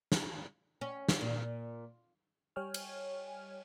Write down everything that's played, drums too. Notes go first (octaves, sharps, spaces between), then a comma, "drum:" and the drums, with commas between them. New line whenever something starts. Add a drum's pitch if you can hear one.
drum: snare
C#4
drum: snare
A#2
G3 C#5 G5 G#5 F6
drum: cymbal